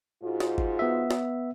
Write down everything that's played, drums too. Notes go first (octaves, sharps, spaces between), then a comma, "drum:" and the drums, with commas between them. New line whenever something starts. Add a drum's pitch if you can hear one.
G#2 F4 F#4
drum: snare
drum: kick G1
B3 E5
drum: snare